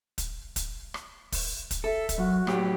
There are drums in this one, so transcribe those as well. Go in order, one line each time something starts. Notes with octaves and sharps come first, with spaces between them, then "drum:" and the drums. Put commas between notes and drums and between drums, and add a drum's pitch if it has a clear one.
drum: kick, hi-hat
drum: kick, hi-hat
drum: rim click
drum: kick, open hi-hat
drum: kick, hi-hat
A4 E5
drum: kick, hi-hat
F#2 F#4
A2 F#3 G4, drum: rim click